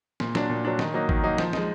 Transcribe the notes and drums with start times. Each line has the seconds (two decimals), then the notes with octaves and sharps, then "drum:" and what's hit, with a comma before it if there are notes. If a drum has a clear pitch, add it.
0.20 A#2, drum: snare
0.35 F#3 D4, drum: snare
0.49 A#2
0.65 F#3 D4
0.79 D#3, drum: snare
0.94 F#3 A#3 D#4
1.09 D#3, drum: kick G#1
1.24 F#3 A#3 D#4
1.38 F3, drum: snare
1.53 G#3 D#4, drum: snare